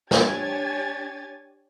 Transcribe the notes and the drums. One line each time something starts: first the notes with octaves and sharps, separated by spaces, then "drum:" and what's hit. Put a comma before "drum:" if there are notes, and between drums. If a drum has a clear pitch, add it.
D4 G4 C#5 G#5 G#6 A6, drum: snare